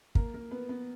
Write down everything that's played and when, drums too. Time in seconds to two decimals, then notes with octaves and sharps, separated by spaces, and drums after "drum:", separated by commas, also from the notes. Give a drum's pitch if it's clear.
0.15 A#3 A#4, drum: kick
0.34 A#3 A#4
0.51 B3 B4
0.69 B3 B4